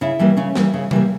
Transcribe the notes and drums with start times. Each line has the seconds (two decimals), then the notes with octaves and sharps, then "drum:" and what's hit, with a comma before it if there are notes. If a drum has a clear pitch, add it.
0.01 C#3 E4
0.19 E3 G3 A#3
0.37 C#3 C#4
0.55 E3 G3 A#3, drum: snare
0.74 C#3
0.91 E3 G3 A#3, drum: tom C3